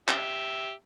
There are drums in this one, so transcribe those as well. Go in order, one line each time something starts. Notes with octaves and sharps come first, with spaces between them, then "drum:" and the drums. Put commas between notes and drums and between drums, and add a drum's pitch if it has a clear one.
G4 E5, drum: clap